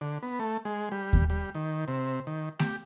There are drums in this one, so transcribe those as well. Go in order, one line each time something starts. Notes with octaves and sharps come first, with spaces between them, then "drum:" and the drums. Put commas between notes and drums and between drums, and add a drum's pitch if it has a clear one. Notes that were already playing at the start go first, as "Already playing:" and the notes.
D3
B3
A3
G#3
G3
drum: kick D#2
G3
D#3
C3
D#3
G4, drum: snare A3